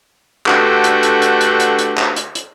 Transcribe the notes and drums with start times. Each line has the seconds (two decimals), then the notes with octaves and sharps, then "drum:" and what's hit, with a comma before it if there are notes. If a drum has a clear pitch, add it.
0.46 D3 A3 D4 F#4 G4 B4, drum: clap
0.84 drum: hi-hat
1.03 drum: hi-hat
1.22 drum: hi-hat
1.41 drum: hi-hat
1.60 drum: hi-hat
1.79 drum: hi-hat
1.98 drum: clap
2.16 drum: hi-hat
2.35 drum: hi-hat